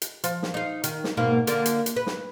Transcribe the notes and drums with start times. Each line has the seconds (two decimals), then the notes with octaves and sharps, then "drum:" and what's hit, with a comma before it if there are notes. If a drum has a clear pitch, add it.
0.02 drum: hi-hat
0.24 F3, drum: hi-hat
0.43 drum: snare
0.54 D#4 F5
0.84 D#3, drum: hi-hat
1.04 drum: snare
1.17 G#2 B2 A#3
1.47 D3 A#3 F4, drum: hi-hat
1.66 drum: hi-hat
1.86 drum: hi-hat
1.96 B4
2.07 drum: snare